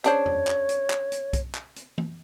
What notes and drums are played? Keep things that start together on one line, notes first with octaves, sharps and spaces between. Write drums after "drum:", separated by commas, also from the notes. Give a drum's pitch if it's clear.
C#3 D4 C5 C#5, drum: hi-hat
drum: tom E2
drum: clap
drum: hi-hat
drum: clap
drum: hi-hat
drum: kick B1, hi-hat
drum: clap
drum: hi-hat
drum: tom E3